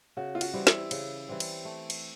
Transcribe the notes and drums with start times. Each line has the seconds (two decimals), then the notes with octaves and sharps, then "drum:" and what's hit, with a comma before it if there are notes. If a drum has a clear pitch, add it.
0.17 C#3 F#4
0.35 F4
0.41 F#4, drum: cymbal
0.53 E3 G3 C4
0.67 E4, drum: snare
0.91 C#3, drum: cymbal
1.29 E3 G3 C4
1.40 drum: cymbal
1.65 A3
1.90 drum: cymbal